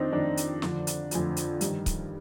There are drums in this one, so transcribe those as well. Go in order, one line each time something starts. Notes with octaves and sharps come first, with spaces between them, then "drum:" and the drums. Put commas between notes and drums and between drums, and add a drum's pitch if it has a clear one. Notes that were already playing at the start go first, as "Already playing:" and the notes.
Already playing: F2 D#3 C4 D4 D#4
F2 D#3 D4
drum: hi-hat
F2 D3 F3, drum: snare
drum: hi-hat
F2 D3 F3, drum: hi-hat
drum: hi-hat
G2 D#3, drum: hi-hat
drum: kick C#1, hi-hat